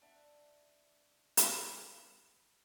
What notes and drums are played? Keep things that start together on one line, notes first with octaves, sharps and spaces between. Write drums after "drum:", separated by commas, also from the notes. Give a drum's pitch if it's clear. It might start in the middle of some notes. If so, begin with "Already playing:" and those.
D4 E5 F#5
drum: hi-hat